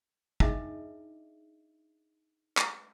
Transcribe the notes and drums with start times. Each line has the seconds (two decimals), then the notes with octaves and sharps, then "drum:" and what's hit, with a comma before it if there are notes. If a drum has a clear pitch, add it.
0.40 D4 D#4 G#4 D#5 E5, drum: kick
2.58 drum: clap